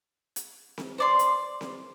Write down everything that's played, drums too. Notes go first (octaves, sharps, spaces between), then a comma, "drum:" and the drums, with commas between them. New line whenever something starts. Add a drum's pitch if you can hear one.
drum: hi-hat
drum: snare C4
C5 D5 C6
drum: hi-hat
drum: snare C4